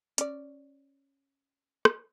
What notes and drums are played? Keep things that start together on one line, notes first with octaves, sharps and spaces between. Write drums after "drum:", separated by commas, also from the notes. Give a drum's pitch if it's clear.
C#4 D5, drum: hi-hat
drum: rim click